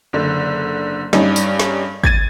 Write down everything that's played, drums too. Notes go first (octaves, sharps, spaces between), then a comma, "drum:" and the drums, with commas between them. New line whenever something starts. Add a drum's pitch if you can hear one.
F#1 D3
G2 C#4 D#4 D5, drum: snare
drum: tambourine
drum: snare
G#6 A6 D#7, drum: kick